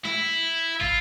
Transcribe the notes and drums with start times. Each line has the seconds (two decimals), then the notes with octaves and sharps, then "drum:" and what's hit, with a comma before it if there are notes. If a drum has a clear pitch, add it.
0.05 E4, drum: snare
0.81 F4, drum: kick